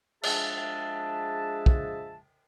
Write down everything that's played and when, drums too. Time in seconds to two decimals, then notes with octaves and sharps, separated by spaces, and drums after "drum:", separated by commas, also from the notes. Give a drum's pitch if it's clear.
0.23 F3 G#3 D4 G#4 E5 A5, drum: cymbal
1.66 drum: kick